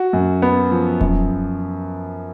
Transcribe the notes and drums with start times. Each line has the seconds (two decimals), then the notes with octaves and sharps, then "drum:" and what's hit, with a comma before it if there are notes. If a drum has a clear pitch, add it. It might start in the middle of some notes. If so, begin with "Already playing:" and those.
Already playing: F#4
0.13 F#2
0.42 B3
0.71 F3
1.01 F#2, drum: kick D#1